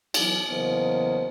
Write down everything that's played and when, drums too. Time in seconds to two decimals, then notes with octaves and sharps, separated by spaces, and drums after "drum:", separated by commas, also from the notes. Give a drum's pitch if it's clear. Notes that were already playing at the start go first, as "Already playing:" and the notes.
0.14 B1 E3, drum: cymbal
0.49 E2 C#3 F#3 A#3 C5 D#5